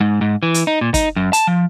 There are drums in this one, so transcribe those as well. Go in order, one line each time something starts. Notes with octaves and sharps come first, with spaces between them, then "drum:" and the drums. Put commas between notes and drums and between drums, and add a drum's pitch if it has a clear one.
G#2
G#2
E3
drum: hi-hat
D#4
A#2
D#4, drum: kick, hi-hat
F#2
A5, drum: hi-hat
F3